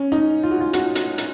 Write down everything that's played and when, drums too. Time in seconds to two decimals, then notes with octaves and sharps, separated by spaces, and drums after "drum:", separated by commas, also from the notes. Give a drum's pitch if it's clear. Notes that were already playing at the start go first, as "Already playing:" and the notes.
Already playing: C#4
0.12 D#4
0.43 F4
0.51 F#4
0.60 F4
0.73 F#4, drum: hi-hat
0.95 drum: hi-hat
1.18 drum: hi-hat